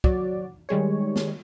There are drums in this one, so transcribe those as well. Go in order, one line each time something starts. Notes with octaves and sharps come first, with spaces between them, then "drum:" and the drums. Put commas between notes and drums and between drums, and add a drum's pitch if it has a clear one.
F#3 F#4 D5, drum: kick
D#3 G3 G#3 C#5
drum: snare